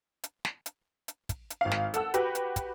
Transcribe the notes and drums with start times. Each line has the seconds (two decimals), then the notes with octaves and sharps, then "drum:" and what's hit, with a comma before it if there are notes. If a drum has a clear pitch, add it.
0.24 drum: hi-hat
0.45 drum: snare
0.66 drum: hi-hat
1.08 drum: hi-hat
1.29 drum: kick, hi-hat
1.50 drum: hi-hat
1.61 G#1 F5
1.71 drum: snare
1.94 A4 F#5 E6, drum: hi-hat
2.14 F#4 G4 B4, drum: hi-hat
2.35 drum: hi-hat
2.56 drum: kick, hi-hat